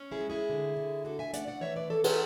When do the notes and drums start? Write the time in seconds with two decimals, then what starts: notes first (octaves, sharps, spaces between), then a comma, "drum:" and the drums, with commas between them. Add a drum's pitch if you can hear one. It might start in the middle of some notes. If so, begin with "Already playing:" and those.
Already playing: C#4
0.11 E4 G#4
0.21 G#3
0.30 E4 G#4
0.50 D3
0.77 D3
1.05 D4 F#4 A4
1.19 E5 G#5
1.33 A3 D5 F#5, drum: hi-hat
1.48 D5 F#5
1.61 E3 C#5 E5
1.76 B4 D5
1.90 E3 A4 C#5
2.04 A4 C#5, drum: cymbal